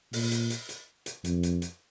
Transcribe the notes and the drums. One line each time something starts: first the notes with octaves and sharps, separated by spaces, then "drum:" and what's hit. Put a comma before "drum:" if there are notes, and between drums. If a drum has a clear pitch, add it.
A#2, drum: open hi-hat
drum: hi-hat
drum: hi-hat
drum: hi-hat
drum: hi-hat
F2, drum: hi-hat
drum: hi-hat
drum: hi-hat